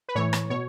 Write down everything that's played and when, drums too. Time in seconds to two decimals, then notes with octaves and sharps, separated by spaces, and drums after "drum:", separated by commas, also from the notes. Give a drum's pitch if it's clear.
0.08 B4
0.15 A2 E3 C#5
0.33 drum: rim click
0.50 B2 C#5